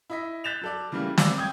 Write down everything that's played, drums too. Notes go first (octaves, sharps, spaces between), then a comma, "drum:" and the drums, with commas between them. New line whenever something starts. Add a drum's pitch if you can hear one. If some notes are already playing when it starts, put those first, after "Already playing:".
E4 D#5 B6
F#6 G6 A6 B6 E7 F7
F#3 A4 D5
C#3 E3 F#3 G3 A3 A#3
D5 F5 E6, drum: snare
G5 D#6 G6 G#6